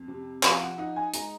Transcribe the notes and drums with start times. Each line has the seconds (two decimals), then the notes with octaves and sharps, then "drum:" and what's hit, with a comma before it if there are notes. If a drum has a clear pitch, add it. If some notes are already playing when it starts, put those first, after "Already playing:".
Already playing: F2
0.08 C3
0.43 F3 F5, drum: clap
0.61 F#5
0.78 D#4 F#5
0.96 G#5
1.14 G#3 A#5, drum: hi-hat